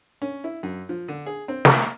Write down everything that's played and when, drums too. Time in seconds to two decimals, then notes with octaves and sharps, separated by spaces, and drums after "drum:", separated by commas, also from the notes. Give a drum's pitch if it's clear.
0.22 C#4
0.44 E4
0.63 F#2
0.89 F3
1.08 D3
1.26 G#4
1.48 C4
1.65 A#3, drum: snare